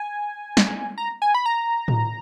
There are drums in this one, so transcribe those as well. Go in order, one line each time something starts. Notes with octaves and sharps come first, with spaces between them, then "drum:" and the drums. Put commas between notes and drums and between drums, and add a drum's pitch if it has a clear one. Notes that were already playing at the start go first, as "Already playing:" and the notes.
Already playing: G#5
drum: snare
A#5
G#5
B5
A#5
drum: tom A2